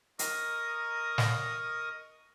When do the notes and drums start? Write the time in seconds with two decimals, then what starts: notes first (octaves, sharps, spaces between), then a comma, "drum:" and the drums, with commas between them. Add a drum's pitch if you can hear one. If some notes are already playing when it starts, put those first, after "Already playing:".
0.19 A#4 D#5 A#5 C#6 D#6, drum: hi-hat
1.18 drum: snare